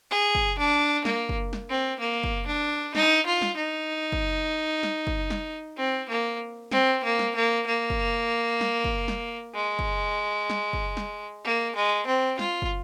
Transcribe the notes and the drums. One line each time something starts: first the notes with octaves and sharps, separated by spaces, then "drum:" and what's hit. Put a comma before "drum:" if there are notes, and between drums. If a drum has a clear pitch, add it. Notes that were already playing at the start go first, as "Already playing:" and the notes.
G#4
drum: kick
D4
A#3, drum: snare
drum: kick
drum: snare
C4
A#3
drum: kick
D4
D#4, drum: snare
F4
drum: snare
D#4
drum: kick
drum: snare
drum: kick
drum: snare
C4
A#3
C4, drum: snare
A#3
drum: snare
A#3
A#3
drum: kick
drum: snare
drum: kick
drum: snare
G#3
drum: kick
drum: snare
drum: kick
drum: snare
A#3
G#3
C4
F4, drum: snare
drum: kick